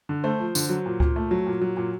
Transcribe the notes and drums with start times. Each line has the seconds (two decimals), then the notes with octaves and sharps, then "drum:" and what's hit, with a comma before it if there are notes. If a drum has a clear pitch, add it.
0.09 D3
0.24 A3 C5
0.40 F3
0.55 D3, drum: tambourine
0.69 F#3
0.86 A#2
1.00 A#2, drum: kick C#2
1.16 A3
1.31 F#3
1.47 A#2
1.61 F#3
1.77 A#2